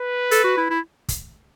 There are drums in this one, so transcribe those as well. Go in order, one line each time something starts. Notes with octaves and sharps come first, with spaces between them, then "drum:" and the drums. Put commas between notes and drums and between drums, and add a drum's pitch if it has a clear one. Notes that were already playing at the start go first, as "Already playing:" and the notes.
Already playing: B4
A4, drum: hi-hat
F#4
E4
E4
drum: kick, hi-hat